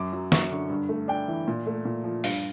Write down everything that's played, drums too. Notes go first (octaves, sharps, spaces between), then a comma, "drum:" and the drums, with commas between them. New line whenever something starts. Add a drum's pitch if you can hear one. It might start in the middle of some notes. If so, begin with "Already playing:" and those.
Already playing: F#2 D6
F#3
F#2 C#6, drum: snare
D3
G2
A3
D4 G5
E3
A#2
A3
A#2
F3
G2 F5, drum: open hi-hat